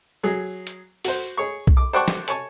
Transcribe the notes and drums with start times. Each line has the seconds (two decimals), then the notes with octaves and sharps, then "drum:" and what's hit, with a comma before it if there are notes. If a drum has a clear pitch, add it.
0.23 F#3 G#4
0.67 drum: hi-hat
1.05 F#4 C5, drum: open hi-hat
1.37 G#4 C#5 C#6
1.67 drum: kick B1
1.77 D6
1.93 C5 D5 F#5 G5 A5 C#6
2.08 drum: snare
2.28 C#5 G#5 A5 C#6, drum: hi-hat